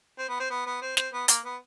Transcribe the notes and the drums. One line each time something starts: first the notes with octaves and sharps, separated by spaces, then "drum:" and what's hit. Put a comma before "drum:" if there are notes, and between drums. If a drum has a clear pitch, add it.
C4
B3
C4
B3
B3
C4
C4, drum: snare
B3
A#3, drum: hi-hat
B3